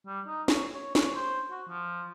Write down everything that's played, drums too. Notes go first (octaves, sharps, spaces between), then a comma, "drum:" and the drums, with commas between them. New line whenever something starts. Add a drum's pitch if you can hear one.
G3
D#4
C#5, drum: snare
C#5
C#5, drum: snare
C5
F#4
F3